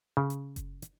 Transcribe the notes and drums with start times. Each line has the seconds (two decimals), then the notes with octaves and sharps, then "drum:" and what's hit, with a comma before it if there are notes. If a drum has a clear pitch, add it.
0.17 C#3
0.30 drum: hi-hat
0.56 drum: kick F#1, hi-hat
0.82 drum: hi-hat